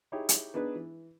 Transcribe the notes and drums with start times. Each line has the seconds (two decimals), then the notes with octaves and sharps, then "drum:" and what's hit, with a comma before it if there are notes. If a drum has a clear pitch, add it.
0.12 D#4 E4 G4 G#4 C#5
0.29 drum: hi-hat
0.54 B3 D4 D#4 G#4 B4
0.75 E3